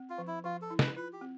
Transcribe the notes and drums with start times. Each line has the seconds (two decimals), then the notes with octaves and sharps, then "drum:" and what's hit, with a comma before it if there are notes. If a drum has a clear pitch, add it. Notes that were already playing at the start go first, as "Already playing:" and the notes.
Already playing: C4
0.10 F4
0.18 F3
0.27 E4
0.44 F3 F4
0.62 A4
0.71 E4
0.79 B4, drum: snare
0.96 F4 B4
1.13 G4
1.21 C4